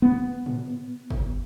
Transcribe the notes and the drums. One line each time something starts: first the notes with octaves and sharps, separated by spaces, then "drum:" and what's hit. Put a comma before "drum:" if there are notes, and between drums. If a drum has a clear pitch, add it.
B3
drum: tom A2
drum: kick